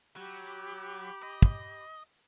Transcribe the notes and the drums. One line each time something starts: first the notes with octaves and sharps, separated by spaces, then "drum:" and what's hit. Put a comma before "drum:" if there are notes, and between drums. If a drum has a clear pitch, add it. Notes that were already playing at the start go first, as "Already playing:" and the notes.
F#3 G4 B5 D6
D#5
drum: kick